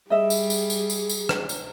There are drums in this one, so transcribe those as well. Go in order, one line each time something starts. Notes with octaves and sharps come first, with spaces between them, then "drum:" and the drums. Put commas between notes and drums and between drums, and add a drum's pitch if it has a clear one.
G3 G#4 D#5 E5
drum: tambourine
drum: tambourine
drum: tambourine
drum: tambourine
drum: tambourine
drum: rim click
drum: tambourine